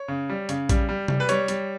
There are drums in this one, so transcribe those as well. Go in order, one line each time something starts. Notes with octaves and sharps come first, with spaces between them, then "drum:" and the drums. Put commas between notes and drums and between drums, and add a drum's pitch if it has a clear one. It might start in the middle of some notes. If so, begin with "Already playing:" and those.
Already playing: C#5
C#3
G3
C#3, drum: hi-hat
G3, drum: kick A#1, hi-hat
G3
G3, drum: tom C3
B4
G3 C#5, drum: hi-hat
G3, drum: hi-hat